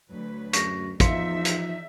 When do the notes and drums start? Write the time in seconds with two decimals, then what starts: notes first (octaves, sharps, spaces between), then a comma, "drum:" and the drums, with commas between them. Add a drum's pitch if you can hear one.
0.11 D2 F#3 B4
0.53 F#2 C#6 A#6, drum: hi-hat
1.00 E2 F3 D#4 E5 F5 C6 C#7, drum: kick, hi-hat
1.45 drum: hi-hat